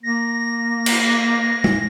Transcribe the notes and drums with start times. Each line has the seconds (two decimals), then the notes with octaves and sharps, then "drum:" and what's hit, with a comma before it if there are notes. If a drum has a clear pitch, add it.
0.03 A#3 A#6
0.86 drum: cymbal
1.64 drum: tom G#3